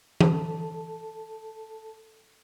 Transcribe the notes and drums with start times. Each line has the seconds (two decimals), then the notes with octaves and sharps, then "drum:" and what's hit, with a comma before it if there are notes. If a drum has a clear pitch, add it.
0.20 A4 A5, drum: tom E3